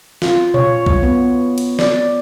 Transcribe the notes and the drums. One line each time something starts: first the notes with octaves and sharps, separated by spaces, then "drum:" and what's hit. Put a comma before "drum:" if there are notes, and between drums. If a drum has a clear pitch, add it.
F4, drum: snare
C#5, drum: tom A#2
drum: kick B1
B3
drum: cymbal
D5, drum: snare